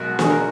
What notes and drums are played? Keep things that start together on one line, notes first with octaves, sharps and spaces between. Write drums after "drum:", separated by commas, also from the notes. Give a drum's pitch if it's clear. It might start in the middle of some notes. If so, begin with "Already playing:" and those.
Already playing: B1 B2 G#3 F#4 A#4
G#4, drum: snare
A#4